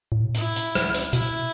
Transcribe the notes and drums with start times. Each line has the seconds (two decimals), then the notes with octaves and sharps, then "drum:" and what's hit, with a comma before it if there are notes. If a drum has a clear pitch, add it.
0.12 A2
0.24 B2
0.35 A2 E4, drum: hi-hat
0.56 drum: hi-hat
0.75 drum: rim click
0.95 drum: hi-hat
1.13 B2 E4, drum: hi-hat